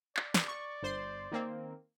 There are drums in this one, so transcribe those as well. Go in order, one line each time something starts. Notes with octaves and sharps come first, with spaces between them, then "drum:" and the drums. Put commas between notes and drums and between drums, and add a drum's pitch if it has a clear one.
D5, drum: clap
drum: snare
C#6
G1 C5 C6
D#3 A#3 C4